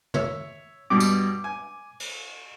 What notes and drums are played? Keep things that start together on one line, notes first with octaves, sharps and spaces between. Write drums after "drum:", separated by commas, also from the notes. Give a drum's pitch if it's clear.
C#5 E5, drum: tom
G2 B2 G3 D6
drum: tambourine
G#5
drum: cymbal